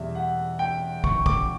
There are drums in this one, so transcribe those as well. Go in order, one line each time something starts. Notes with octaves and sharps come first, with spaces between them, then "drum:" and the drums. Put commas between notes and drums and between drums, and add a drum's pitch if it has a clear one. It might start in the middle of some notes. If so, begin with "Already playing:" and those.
Already playing: E2 B2 G3 E5
F#5
G5
C#6, drum: kick
D6, drum: kick